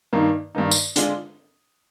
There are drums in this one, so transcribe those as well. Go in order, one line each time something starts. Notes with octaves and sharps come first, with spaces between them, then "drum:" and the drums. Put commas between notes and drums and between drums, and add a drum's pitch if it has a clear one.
G2 D#3 A#3 D#4
G2 D#3 A#3 D#4
drum: tambourine
D3 G#3 D4 F4, drum: hi-hat